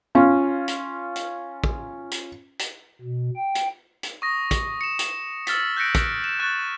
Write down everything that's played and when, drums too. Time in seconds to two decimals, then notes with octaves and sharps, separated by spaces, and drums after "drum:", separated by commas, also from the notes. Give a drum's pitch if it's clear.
0.15 C#4 F4
0.68 drum: hi-hat
1.16 drum: hi-hat
1.64 drum: kick
2.11 drum: hi-hat
2.59 drum: hi-hat
3.01 B2
3.36 G5
3.55 drum: hi-hat
4.03 drum: hi-hat
4.22 C#6 D#6 A#6
4.51 drum: kick, hi-hat
4.81 C#7 E7
4.99 drum: hi-hat
5.47 E6 F6 A6 B6, drum: hi-hat
5.76 F#6 G6 A#6 B6 C#7 D7
5.95 drum: kick, hi-hat
6.24 E7
6.39 C#6 F#6 A6